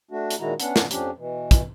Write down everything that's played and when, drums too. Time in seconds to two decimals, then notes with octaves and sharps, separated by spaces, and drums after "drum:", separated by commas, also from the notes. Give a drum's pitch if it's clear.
0.11 A3 D4 F#4
0.31 drum: hi-hat
0.40 A#2 D#3 G#3 E4 F#4 A#5
0.60 B3 C#4 D4 F#5, drum: hi-hat
0.76 drum: snare
0.91 F2 F3 C#4 D4 G4, drum: hi-hat
1.18 B2 E3
1.51 drum: kick, hi-hat